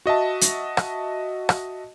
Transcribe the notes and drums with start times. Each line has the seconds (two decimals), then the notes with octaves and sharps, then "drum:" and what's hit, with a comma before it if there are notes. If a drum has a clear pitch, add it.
0.06 F#4 D#5 E5 A5
0.41 drum: hi-hat
0.77 drum: rim click
1.49 drum: rim click